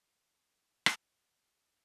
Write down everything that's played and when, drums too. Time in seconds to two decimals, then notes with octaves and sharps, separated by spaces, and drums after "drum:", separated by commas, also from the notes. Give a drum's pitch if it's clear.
0.04 G#6
0.35 A1
0.86 drum: rim click